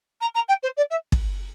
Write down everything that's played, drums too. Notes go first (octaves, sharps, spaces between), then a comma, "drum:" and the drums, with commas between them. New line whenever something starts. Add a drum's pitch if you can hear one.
A#5
A#5
G5
C5
D5
E5
drum: kick